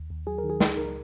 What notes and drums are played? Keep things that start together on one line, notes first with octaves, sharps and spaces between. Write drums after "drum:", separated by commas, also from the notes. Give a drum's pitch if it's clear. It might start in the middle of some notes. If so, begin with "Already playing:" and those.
Already playing: D#2
D#2
F#3 G#4
A#4
D#3
G#4
C#2 G#4, drum: snare
C#2 A#4